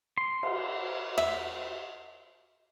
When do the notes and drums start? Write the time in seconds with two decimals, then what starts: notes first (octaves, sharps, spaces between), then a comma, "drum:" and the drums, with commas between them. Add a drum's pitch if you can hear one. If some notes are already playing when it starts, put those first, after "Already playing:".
0.18 C6
0.43 drum: cymbal
1.18 E5, drum: rim click